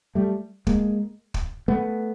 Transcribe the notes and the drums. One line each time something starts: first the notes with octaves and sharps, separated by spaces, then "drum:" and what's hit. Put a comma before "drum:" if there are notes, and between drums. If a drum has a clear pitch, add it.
G3 A3
G#3 A#3, drum: kick
drum: kick
A3 B3